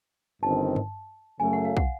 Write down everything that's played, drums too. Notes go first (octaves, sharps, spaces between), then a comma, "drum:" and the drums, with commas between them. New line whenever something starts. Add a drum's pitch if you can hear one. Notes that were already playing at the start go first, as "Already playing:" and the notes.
G1 G2 D#3 G3 C4 A5
drum: tom G2
F#2 C#3 F#3 A3 G#5
F#5
F5
F#5, drum: kick